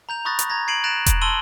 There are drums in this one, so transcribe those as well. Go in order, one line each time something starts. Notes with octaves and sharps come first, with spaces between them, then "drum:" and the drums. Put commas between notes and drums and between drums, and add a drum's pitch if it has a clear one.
A#5 G6 F7
B5 C#6 D#6 F#6 A6 A#6
drum: hi-hat
A#5 G#6 A#6
G#6 C7 D7 D#7 F#7
F#6 A6 A#6 D7 E7 F7
drum: kick E1, hi-hat
A5 C6 E6 D#7 F#7 G7